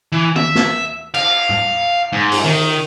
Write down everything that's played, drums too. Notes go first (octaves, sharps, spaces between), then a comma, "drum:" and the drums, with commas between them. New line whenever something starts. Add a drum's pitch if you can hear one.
E3
E5, drum: tom
drum: snare
F5, drum: cymbal
drum: tom G#2
G#2
drum: open hi-hat
D#3